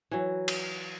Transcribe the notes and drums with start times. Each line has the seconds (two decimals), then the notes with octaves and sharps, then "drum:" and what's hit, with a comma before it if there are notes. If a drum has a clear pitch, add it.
0.11 E3 F#3
0.48 drum: cymbal